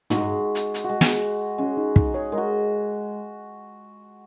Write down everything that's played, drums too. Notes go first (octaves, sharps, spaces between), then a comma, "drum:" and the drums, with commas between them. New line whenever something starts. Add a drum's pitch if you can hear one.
G#3 D#4 F#4, drum: tom
drum: hi-hat
drum: hi-hat
F#4
G#3
drum: snare
G#3 C#4 F#4
D#4
D#4, drum: kick
G#4 C#5
G#3 A#4 D#5
F#4